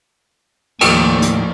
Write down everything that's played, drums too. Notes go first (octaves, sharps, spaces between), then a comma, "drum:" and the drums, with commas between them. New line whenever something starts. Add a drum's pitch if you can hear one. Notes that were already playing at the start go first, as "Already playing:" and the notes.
D#2 A2 F3 G5 G#5, drum: cymbal
drum: hi-hat